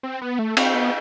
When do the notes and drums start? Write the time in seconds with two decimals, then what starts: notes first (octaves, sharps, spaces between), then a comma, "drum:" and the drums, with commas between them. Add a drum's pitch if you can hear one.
0.03 C4
0.22 B3
0.39 A3
0.57 C4, drum: cymbal
0.74 B3